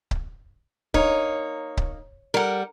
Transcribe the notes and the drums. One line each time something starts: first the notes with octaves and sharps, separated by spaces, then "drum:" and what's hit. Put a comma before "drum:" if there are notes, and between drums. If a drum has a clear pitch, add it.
drum: kick C#1
A#3 D#4 C#5, drum: kick C#1
drum: kick C#1
G3 A#4 F#5